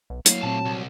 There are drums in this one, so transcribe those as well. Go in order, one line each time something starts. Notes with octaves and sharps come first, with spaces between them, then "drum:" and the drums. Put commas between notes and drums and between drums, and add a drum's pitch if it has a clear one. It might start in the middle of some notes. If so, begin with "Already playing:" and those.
B1
F#3 A3 A#3 E4 F5, drum: hi-hat
A#2 C4 A5
C2